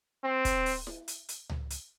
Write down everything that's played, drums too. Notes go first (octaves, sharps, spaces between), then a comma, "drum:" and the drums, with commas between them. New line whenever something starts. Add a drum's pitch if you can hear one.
C4
drum: kick, hi-hat
drum: open hi-hat
drum: snare E4
drum: hi-hat
drum: hi-hat
drum: tom C#2
drum: hi-hat